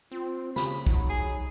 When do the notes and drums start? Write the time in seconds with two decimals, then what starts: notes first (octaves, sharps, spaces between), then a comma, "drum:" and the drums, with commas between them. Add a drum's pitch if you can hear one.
0.12 C4 F4
0.56 C#3 G4 B5, drum: snare
0.86 F#3 D#4, drum: kick
1.09 G#4